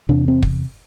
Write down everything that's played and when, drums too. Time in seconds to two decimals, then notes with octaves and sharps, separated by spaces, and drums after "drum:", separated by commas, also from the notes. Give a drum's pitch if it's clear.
0.09 E2 C3 D4
0.28 C4
0.42 drum: kick